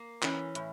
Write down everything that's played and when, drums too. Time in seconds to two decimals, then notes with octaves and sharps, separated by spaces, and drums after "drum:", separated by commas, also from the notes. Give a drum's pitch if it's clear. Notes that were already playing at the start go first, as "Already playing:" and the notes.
Already playing: A#3
0.23 E3 C#4, drum: clap
0.55 A2, drum: hi-hat